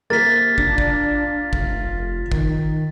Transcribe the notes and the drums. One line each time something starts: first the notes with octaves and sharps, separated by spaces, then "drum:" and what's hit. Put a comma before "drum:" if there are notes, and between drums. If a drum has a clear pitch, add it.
C3 A#3 A6 B6
D4 F4, drum: kick
drum: kick
F1, drum: kick
D#3, drum: kick